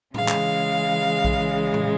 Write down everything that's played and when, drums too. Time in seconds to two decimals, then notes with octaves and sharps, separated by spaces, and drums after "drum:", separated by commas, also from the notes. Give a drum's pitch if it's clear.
0.14 C#3 E3 G#3 F5, drum: tom A2
0.28 drum: clap
1.25 drum: kick A#1
1.74 drum: tom A2